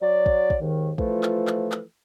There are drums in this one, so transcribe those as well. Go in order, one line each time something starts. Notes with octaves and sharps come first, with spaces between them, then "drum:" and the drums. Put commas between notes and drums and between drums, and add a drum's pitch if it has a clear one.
F#3 D5
drum: kick
drum: kick
D#2 G#2 D#3
E3 F3 A3 F4 A4, drum: kick
drum: clap
drum: clap
drum: clap